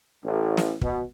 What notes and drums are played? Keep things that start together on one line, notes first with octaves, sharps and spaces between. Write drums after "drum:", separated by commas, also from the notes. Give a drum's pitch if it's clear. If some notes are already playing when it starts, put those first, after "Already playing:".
A1
drum: snare
B2, drum: kick